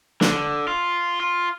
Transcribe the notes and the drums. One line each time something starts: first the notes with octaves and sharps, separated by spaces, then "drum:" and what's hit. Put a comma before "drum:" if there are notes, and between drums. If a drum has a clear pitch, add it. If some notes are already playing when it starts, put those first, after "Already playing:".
D3, drum: snare
F4
F4